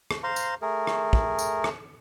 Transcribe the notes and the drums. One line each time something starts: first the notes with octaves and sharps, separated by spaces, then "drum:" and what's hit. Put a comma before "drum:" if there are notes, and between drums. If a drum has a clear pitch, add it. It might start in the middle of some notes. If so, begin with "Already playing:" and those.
drum: rim click
C5 F5 A#5 C6
drum: tambourine
A3 G#4 A#4
drum: rim click
drum: kick
drum: tambourine
drum: rim click